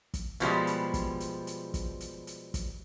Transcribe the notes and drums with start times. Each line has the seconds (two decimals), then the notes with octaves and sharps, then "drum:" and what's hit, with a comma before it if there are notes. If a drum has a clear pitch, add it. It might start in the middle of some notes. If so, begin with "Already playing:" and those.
0.14 drum: kick, hi-hat
0.40 B2 F3 G3 G#3, drum: hi-hat
0.67 drum: hi-hat
0.94 drum: kick, hi-hat
1.20 drum: hi-hat
1.47 drum: hi-hat
1.74 drum: kick, hi-hat
2.00 drum: hi-hat
2.27 drum: hi-hat
2.54 drum: kick, hi-hat